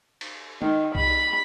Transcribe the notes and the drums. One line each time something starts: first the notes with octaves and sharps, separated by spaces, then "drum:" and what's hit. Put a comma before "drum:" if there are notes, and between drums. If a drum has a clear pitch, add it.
drum: cymbal
D#3, drum: tom
B5, drum: kick C2